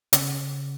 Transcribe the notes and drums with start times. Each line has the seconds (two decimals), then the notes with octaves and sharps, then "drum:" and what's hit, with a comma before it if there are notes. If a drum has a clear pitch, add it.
0.13 C#3, drum: hi-hat